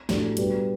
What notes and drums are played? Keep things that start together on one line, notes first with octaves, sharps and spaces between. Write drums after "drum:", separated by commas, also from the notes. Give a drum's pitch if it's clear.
A2 F#3 A3 D4 G4, drum: snare
B2 G3 D4 G4 B4, drum: hi-hat